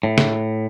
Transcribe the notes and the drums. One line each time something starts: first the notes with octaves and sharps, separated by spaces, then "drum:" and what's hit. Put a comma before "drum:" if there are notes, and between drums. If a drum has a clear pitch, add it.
A2
drum: snare